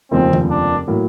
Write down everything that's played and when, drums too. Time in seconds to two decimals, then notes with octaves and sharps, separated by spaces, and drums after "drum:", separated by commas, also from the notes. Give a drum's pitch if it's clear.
0.11 F1 D#2 C#3 F3 G#3 C4
0.33 drum: tom D#3
0.50 D4
0.87 A2 F#3 A#3